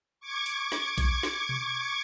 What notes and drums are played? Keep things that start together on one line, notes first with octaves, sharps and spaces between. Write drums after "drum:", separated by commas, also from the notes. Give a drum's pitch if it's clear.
C#6 D6 G#6
drum: hi-hat
drum: snare
drum: kick A#1, hi-hat
drum: snare
drum: tom B2